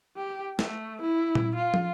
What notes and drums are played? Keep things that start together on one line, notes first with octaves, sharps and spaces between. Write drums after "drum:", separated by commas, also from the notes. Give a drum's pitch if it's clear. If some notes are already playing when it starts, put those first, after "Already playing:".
G4
A3, drum: snare
E4
drum: tom A#2
F4
drum: tom